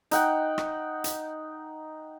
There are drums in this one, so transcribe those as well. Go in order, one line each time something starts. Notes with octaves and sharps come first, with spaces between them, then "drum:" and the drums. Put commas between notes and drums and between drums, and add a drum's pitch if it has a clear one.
D#4 F#5 G5, drum: hi-hat
drum: rim click
drum: hi-hat